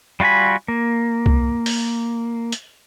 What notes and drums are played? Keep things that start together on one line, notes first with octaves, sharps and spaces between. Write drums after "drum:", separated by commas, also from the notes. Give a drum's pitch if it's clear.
G3 F4 F#4 G#5 B5
A#3
drum: kick C2
drum: open hi-hat
drum: hi-hat